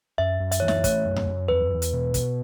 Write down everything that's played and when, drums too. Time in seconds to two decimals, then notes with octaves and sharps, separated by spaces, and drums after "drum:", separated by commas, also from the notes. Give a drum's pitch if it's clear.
0.18 F#2 E5
0.40 F#2
0.52 E5, drum: hi-hat
0.60 E3 C#5
0.68 E5, drum: snare
0.84 A3 C#5, drum: kick, hi-hat
1.05 F#2
1.16 drum: tom F#2
1.27 F#2
1.48 E2 B4
1.71 E2
1.82 drum: hi-hat
1.93 B2
2.14 B3, drum: kick, hi-hat